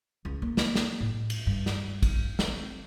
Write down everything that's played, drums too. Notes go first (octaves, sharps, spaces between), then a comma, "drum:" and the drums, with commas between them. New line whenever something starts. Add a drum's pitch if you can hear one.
C#2
A#3
drum: snare
drum: snare
A2
drum: cymbal
G2
drum: snare
drum: kick, cymbal
C4, drum: snare